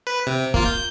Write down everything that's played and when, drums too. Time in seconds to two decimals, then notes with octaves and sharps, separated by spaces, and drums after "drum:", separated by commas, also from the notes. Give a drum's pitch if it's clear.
0.07 B4
0.27 C3
0.54 A#3 F4, drum: kick
0.66 G6